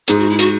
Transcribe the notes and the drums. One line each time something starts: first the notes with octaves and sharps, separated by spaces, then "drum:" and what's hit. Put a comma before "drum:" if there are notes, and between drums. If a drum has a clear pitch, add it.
G#2 G#4, drum: hi-hat
F#4
E4
F#4, drum: hi-hat